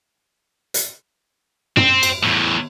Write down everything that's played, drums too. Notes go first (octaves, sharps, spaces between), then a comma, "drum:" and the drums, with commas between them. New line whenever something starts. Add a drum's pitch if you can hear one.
drum: hi-hat
C4, drum: tom
drum: cymbal
E2 A2